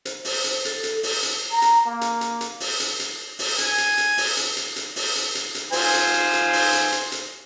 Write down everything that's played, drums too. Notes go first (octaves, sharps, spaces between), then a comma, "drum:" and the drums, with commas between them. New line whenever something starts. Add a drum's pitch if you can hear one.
C5, drum: hi-hat
drum: open hi-hat
drum: hi-hat
A4, drum: hi-hat
drum: hi-hat
drum: open hi-hat
drum: hi-hat
A#5
drum: hi-hat
A#3
drum: hi-hat
drum: hi-hat
drum: hi-hat
drum: open hi-hat
drum: hi-hat
drum: hi-hat
drum: open hi-hat
G#5, drum: hi-hat
drum: hi-hat
drum: hi-hat
drum: open hi-hat
drum: hi-hat
drum: hi-hat
drum: hi-hat
drum: open hi-hat
drum: hi-hat
drum: hi-hat
drum: hi-hat
F4 C5 G#5, drum: open hi-hat
drum: hi-hat
drum: hi-hat
drum: hi-hat
drum: open hi-hat
drum: hi-hat
drum: hi-hat
drum: hi-hat